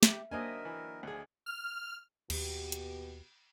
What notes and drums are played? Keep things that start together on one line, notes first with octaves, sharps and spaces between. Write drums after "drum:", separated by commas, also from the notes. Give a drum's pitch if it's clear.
G4 E5, drum: snare
F#3 A#3 C4 D4 A#4 D#5 E5 G#5
E3
D2 F3 G#4
F6
D#2 B2 B3 G4, drum: cymbal
drum: hi-hat